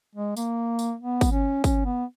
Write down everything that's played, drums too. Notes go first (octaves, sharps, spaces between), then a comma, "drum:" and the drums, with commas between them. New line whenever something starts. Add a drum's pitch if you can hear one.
G#3
A#3, drum: tambourine
drum: tambourine
B3
drum: kick, tambourine
C#4
C#4, drum: kick, tambourine
B3